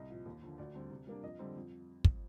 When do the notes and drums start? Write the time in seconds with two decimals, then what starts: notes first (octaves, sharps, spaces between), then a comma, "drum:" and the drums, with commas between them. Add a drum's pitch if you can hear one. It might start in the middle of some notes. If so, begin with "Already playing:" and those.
Already playing: C2 D#5
0.10 A#2 F3
0.26 D#2
0.42 D3 F3
0.58 D2 D5
0.74 D3 G3 C4
0.90 C3
1.07 G3 A#3 D4
1.23 F2 D#5
1.39 D3 G3 C4
1.56 F2
2.04 drum: kick